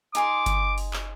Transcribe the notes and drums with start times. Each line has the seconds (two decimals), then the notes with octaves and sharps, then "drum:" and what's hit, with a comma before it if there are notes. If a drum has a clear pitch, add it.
0.15 D#4 G#4 C6 D6, drum: hi-hat
0.46 drum: kick G1, hi-hat
0.78 drum: open hi-hat
0.93 drum: clap